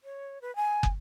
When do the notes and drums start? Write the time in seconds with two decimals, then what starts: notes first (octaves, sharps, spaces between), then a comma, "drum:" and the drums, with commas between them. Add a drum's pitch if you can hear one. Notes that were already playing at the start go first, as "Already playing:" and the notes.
0.04 C#5
0.42 B4
0.56 G#5
0.83 drum: kick